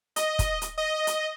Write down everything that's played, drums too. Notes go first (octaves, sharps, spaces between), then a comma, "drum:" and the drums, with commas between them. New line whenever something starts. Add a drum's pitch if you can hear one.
D#5, drum: hi-hat
drum: kick, hi-hat
drum: hi-hat
D#5
drum: hi-hat